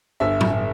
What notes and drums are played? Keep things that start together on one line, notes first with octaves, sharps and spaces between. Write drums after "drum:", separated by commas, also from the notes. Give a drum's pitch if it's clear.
G1 E5
drum: tom A2